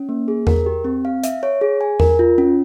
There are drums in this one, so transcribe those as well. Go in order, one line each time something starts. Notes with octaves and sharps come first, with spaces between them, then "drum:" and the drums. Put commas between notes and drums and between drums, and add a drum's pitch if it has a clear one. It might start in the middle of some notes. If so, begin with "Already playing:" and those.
Already playing: C#4
A#3
G#4
A#4, drum: tom E2
G4
C4
F5
E5, drum: hi-hat
C#5
G#4
G#5
A#4, drum: tom E2
F4
C#4